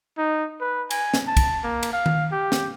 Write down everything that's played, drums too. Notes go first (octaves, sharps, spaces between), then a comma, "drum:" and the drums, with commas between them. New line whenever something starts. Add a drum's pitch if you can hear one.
D#4
B4
G#5, drum: cymbal
drum: snare
A5
drum: kick, cymbal
A#3
drum: cymbal
F5
drum: tom D#3
G4
drum: snare